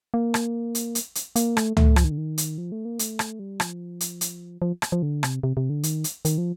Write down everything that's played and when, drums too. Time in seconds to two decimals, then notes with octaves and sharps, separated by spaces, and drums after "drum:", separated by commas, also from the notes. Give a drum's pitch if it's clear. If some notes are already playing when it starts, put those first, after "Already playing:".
0.14 A#3
0.34 drum: rim click
0.75 drum: hi-hat
0.95 drum: hi-hat
1.15 drum: hi-hat
1.36 A#3, drum: hi-hat
1.57 A3, drum: rim click
1.77 A3, drum: tom C#2
1.96 F3, drum: rim click
2.04 D#3
2.11 D3
2.18 D#3
2.38 drum: hi-hat
2.58 F3
2.72 A3
2.85 A#3
2.99 A3, drum: hi-hat
3.19 drum: rim click
3.39 G3
3.60 F3, drum: rim click
4.01 drum: hi-hat
4.21 drum: hi-hat
4.62 F3
4.82 drum: rim click
4.92 F3
5.02 D3
5.23 C3, drum: rim click
5.43 C3
5.57 C3
5.70 D3
5.83 D#3, drum: hi-hat
6.04 drum: hi-hat
6.25 D#3, drum: hi-hat
6.38 F3